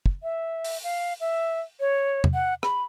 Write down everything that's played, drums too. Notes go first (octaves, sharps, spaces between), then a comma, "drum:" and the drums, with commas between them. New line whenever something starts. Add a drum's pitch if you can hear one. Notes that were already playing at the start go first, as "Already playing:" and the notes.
drum: kick
E5
drum: open hi-hat
F5
E5
C#5
drum: tom
F#5
B5, drum: rim click